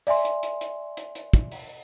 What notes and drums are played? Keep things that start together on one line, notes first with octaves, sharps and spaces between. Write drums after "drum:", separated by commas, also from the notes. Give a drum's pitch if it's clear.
D5 E5 G#5 C6, drum: open hi-hat
drum: hi-hat
drum: hi-hat
drum: hi-hat
drum: hi-hat
drum: hi-hat
drum: kick, hi-hat
drum: open hi-hat